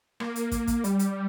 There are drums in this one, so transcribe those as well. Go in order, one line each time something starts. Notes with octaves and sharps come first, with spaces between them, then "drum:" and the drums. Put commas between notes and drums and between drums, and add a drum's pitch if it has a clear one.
A#3, drum: rim click
drum: hi-hat
drum: kick, hi-hat
drum: kick, hi-hat
G3, drum: hi-hat
drum: hi-hat